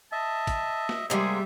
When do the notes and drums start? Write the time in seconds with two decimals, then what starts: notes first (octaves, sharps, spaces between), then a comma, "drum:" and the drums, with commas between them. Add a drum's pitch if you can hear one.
0.12 D#5 E5 A5
0.47 drum: kick, hi-hat
0.89 drum: snare
1.10 C3 G3 G#3 A#3 G#4 E5